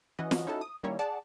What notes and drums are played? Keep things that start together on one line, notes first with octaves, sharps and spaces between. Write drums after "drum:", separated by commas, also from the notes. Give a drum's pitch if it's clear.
E3 C#4 F#4 B4 D#5
drum: snare
C#4 D#4 E4 F#4 A4 A5
D#6
D#3 G3 A#3 C#4 E4 C#5
G#4 D5 F#5 A5